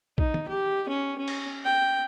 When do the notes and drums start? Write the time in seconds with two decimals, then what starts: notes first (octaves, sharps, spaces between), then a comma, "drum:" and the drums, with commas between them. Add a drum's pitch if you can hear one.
0.18 D#4, drum: kick
0.34 drum: tom
0.48 G4
0.89 C#4
1.18 C#4
1.28 drum: cymbal
1.65 G5